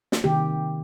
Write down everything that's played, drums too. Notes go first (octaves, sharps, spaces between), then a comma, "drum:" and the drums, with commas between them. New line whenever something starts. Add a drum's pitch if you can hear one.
drum: snare
C3 D#3 A#3 G4